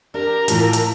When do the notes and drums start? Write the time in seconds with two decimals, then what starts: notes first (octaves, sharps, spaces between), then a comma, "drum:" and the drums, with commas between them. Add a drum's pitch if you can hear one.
0.14 D4 G4 A#4 A#5
0.48 A2 E3 F4 G4 A5, drum: hi-hat
0.73 drum: hi-hat